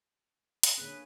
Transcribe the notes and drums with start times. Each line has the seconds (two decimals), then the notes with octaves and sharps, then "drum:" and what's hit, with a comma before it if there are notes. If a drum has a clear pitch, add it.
0.63 drum: hi-hat
0.78 D3 A#3 C#4 G#4 B4